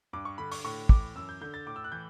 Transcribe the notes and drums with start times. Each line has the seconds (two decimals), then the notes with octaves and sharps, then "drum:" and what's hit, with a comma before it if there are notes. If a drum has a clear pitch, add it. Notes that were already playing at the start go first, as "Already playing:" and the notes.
0.13 G2 D6
0.25 C#6
0.38 D3 B5
0.52 C#6, drum: open hi-hat
0.65 A2 C#6
0.89 E3 D6, drum: kick
1.16 F#2 E6
1.29 G6
1.41 D3 G6
1.54 A6
1.66 A2 D6
1.76 E6
1.84 F#6
1.92 E3 G6